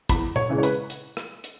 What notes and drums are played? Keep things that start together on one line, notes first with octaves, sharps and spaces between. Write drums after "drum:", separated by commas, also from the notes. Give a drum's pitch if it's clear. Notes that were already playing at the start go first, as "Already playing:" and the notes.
E2 B5, drum: kick, hi-hat
C#5, drum: tom A#2
C#3 E3 G#3
C#5
B4, drum: hi-hat
drum: hi-hat
drum: rim click
drum: hi-hat